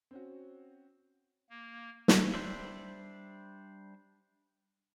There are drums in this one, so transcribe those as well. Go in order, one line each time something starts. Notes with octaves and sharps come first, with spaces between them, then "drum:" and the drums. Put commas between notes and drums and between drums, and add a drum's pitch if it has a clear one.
C4 C#4 F#4
A#3
drum: snare
G3 D4 C5 D5 E5